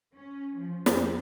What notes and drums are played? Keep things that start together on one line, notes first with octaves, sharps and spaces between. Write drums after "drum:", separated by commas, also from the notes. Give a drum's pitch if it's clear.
C#4
F3
F2, drum: snare